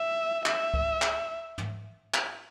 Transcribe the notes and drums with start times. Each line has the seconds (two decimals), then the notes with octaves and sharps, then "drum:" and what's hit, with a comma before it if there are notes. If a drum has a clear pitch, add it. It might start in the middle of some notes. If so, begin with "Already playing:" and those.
Already playing: E5
0.46 E5, drum: clap
0.74 drum: kick C#2
1.02 drum: clap
1.58 drum: tom
2.14 drum: clap